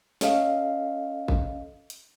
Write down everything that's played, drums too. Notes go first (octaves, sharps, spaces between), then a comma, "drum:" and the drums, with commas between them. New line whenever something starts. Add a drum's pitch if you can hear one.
C#4 A4 D#5 F5, drum: snare
drum: kick G#1
drum: hi-hat